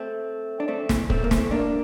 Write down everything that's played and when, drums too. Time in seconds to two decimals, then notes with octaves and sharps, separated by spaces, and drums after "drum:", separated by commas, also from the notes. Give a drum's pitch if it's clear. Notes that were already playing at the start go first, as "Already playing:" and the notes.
Already playing: A3 C4
0.60 D4
0.68 A3 C4
0.89 drum: snare
1.10 A3 C4, drum: kick
1.24 A#3
1.31 A3 C4, drum: snare
1.51 A#3 D4